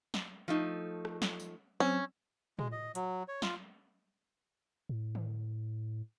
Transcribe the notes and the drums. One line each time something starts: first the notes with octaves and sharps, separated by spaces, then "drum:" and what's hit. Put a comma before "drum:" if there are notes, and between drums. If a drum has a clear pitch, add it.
drum: snare
F3 A3 D#4
drum: rim click
drum: snare
drum: tambourine
F#3 C4 C#4 E6
G#3, drum: tom
D#5
F#3, drum: hi-hat
C#5
F4, drum: snare
A2
drum: tom